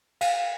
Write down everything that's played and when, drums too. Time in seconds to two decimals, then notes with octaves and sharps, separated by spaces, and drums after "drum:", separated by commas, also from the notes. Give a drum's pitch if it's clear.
0.21 F5, drum: cymbal